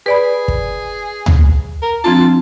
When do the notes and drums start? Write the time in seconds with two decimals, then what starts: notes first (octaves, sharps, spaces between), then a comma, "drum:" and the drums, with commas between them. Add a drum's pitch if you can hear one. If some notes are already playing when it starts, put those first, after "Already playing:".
0.06 G#4 B4 D5 B5
0.48 drum: kick
1.26 drum: tom
1.82 A#4
2.04 F3 C4 D4 F4 A5